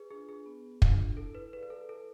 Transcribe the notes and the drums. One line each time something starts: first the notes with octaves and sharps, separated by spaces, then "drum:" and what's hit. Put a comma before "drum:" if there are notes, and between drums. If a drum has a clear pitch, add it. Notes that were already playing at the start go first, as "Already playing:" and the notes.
Already playing: G#4 B4
D4 F4 G#4
G#4
B3
D4 F4, drum: kick
E4 A4
B4
G#4 B4 D5 F5
B4
A4
E4 A4